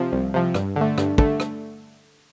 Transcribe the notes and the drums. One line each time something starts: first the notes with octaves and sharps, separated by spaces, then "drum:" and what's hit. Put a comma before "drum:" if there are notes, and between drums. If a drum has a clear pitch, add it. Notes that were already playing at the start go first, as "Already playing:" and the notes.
Already playing: C3 F3
C2
C3 F3
G2, drum: rim click
D3 A3
G2, drum: rim click
D3 A3, drum: kick
drum: rim click